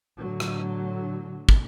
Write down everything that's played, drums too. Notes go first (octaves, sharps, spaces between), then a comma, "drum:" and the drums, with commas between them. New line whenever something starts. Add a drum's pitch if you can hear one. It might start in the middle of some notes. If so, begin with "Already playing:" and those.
A2 D3 F#3
drum: rim click
drum: kick